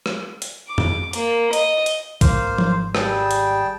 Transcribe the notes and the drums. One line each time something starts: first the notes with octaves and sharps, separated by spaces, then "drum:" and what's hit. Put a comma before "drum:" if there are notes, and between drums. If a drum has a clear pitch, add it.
drum: rim click
drum: hi-hat
D6
drum: tom F2
A#3, drum: hi-hat
D#5, drum: hi-hat
drum: hi-hat
G#1 A#3 C5 F5, drum: kick B1, hi-hat
drum: tom F3
G3 G#4 G5 A5, drum: rim click
drum: hi-hat